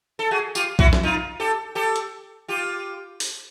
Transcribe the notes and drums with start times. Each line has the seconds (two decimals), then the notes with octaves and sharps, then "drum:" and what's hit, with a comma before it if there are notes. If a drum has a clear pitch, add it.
0.19 A4
0.31 F#4 G#4
0.55 F4 G4, drum: tambourine
0.79 E4 F#4, drum: kick B1
0.93 drum: snare
1.03 D#4 F4
1.40 G4 A4
1.75 G4 A4
1.96 drum: hi-hat
2.48 F4 G4
3.20 drum: open hi-hat